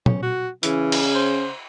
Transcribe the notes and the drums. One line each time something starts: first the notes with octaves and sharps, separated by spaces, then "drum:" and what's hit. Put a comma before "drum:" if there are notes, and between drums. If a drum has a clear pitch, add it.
C#4, drum: tom
F#4
C#3 E3 C#4, drum: hi-hat
drum: cymbal
C5